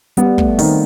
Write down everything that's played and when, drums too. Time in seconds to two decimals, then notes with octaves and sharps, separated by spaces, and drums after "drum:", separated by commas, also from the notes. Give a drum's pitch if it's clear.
0.17 G3 B3, drum: hi-hat
0.38 A3, drum: kick
0.59 D#3 C4, drum: open hi-hat